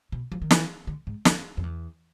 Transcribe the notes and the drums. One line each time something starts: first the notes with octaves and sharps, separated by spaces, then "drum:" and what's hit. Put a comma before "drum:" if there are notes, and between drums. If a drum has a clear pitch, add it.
B2
F3
D#3
E3, drum: snare
D3
G#2
F2, drum: snare
F2
E2